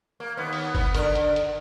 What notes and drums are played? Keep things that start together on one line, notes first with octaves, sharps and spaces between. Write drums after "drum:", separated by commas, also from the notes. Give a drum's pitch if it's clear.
A#3
D#2 B3
drum: open hi-hat
B3, drum: kick F#1, open hi-hat
D3 A#4, drum: hi-hat
drum: hi-hat
drum: hi-hat